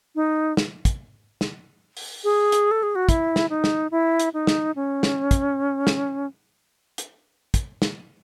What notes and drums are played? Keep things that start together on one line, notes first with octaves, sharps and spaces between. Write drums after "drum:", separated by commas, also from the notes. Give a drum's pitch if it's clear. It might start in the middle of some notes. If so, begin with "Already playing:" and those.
D#4
drum: snare
drum: kick, hi-hat
drum: snare
drum: open hi-hat
G#4
drum: hi-hat
A4
G#4
F#4
E4, drum: kick, hi-hat
drum: snare
D#4
drum: snare
E4
drum: hi-hat
D#4
drum: snare
C#4
drum: snare
drum: kick, hi-hat
drum: snare
drum: hi-hat
drum: kick, hi-hat
drum: snare